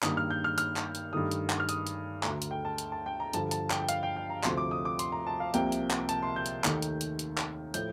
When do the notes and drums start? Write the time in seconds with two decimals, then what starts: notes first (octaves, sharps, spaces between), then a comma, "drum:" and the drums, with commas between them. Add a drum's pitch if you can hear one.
0.03 G2 D#3 A#3 D#6, drum: clap
0.17 F6
0.30 G6
0.44 F6
0.58 F6, drum: hi-hat
0.76 drum: clap
0.95 drum: hi-hat
1.13 G2 D#3 A3 D#6
1.31 drum: hi-hat
1.50 drum: clap
1.60 F6
1.69 D#6, drum: hi-hat
1.87 drum: hi-hat
2.23 D2 D3 A3 A#5, drum: clap
2.42 drum: hi-hat
2.51 G5
2.65 A5
2.78 drum: hi-hat
2.92 A5
3.06 G5
3.20 A#5
3.33 G2 D3 F3 A5, drum: hi-hat
3.51 A5, drum: hi-hat
3.70 G5, drum: clap
3.82 G5
3.89 F5, drum: hi-hat
4.03 G5
4.16 G5
4.30 A#5
4.44 D2 C3 F3 A3 C6, drum: clap
4.57 D6
4.71 D#6
4.85 D6
4.99 C6, drum: hi-hat
5.12 A#5
5.27 A5
5.40 F5
5.54 C2 C3 F3 A#3 G5, drum: hi-hat
5.72 drum: hi-hat
5.91 drum: clap
6.09 A5, drum: hi-hat
6.22 C6
6.36 G6
6.46 drum: hi-hat
6.64 D#2 D#3 A3, drum: clap
6.82 drum: hi-hat
7.01 drum: hi-hat
7.19 drum: hi-hat
7.38 drum: clap
7.74 A2 F3 G6, drum: hi-hat